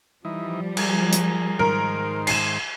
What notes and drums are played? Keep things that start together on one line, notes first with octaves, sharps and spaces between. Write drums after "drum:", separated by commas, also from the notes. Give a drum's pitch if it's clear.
E3 F3 G3 D#4
G#4 A#4, drum: cymbal
drum: hi-hat
G#2 D#3 A#4 C5
C7 D#7 E7, drum: cymbal